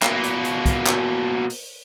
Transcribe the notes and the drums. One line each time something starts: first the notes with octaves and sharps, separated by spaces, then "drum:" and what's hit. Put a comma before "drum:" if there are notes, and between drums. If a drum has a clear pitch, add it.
B2 A#3, drum: clap
drum: hi-hat
drum: hi-hat
drum: kick, hi-hat
drum: clap
drum: open hi-hat